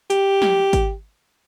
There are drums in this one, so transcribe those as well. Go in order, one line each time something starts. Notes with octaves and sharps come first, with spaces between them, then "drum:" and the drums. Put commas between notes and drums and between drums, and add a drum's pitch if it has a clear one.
G4, drum: hi-hat
drum: snare
drum: kick G#1, hi-hat